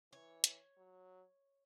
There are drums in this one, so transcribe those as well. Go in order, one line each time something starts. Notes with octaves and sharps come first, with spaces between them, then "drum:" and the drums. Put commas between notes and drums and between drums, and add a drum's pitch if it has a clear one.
E3 C#5
drum: hi-hat
F#3